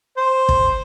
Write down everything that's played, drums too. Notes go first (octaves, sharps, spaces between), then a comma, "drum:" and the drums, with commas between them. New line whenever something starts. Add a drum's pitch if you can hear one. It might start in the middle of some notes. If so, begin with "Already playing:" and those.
C5
drum: kick